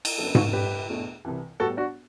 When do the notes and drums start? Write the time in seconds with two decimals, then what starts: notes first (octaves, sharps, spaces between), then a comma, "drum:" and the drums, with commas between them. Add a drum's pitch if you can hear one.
0.05 drum: cymbal
0.18 F#2 D3 F#3 B3 E4 A4
0.26 B4
0.35 F#4 A4, drum: tom G#2
0.53 A2 G3 D4 G4 B4
0.89 E2 B2 A3 D4
1.25 C2 C3 E3
1.60 A2 G3 B3 F#4 A4
1.77 D4 F#4